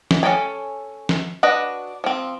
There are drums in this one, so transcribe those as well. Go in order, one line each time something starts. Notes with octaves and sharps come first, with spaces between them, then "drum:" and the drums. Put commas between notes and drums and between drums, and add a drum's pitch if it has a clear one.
drum: snare F3
C#4 E4 A4 G5 G#5
drum: snare F3
D4 F#4 B4 D#5
F3 C4